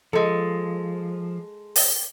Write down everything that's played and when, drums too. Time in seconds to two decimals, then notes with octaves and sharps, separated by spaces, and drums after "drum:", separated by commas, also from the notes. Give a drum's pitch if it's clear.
0.13 F3 G#3 A4
1.76 drum: open hi-hat